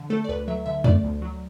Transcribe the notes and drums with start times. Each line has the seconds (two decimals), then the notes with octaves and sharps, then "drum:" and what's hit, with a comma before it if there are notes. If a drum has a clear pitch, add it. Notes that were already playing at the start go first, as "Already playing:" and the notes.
Already playing: D3
0.10 A3 A4
0.24 D5
0.29 D2 B4
0.48 F#3 E5
0.66 D3 E5
0.84 A3 D5, drum: tom E2
1.04 D2
1.22 F#3